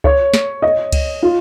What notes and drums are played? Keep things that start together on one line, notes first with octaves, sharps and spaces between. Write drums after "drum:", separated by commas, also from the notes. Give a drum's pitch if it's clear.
C#5, drum: kick C#2
drum: snare
D#5
drum: kick C#2, cymbal
F4